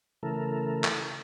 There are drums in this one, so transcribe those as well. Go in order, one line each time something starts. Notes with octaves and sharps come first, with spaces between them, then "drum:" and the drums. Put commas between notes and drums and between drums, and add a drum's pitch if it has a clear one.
C#3 E3 A3 A4 A#4
drum: clap